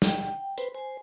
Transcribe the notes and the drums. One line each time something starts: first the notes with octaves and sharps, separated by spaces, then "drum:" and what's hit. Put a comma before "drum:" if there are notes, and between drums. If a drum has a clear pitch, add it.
F#5 G5, drum: snare
B4 C5, drum: hi-hat
C5 G#5